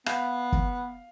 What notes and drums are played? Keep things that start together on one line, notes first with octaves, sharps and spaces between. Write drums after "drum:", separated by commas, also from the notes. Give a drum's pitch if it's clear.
B3 F5, drum: rim click
drum: kick